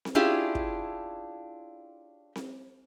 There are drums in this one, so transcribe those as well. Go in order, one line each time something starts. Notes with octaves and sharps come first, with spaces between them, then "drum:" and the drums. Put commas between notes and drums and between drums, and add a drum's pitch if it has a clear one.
drum: snare C4
C#4 D4 E4 F4 G4 G#4
drum: kick
drum: snare C4